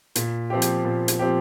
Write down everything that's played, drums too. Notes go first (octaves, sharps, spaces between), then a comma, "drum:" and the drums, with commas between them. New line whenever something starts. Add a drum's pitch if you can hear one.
A#2, drum: hi-hat
F3 C4 G4
drum: hi-hat
A#2
drum: hi-hat
F3 C4 G4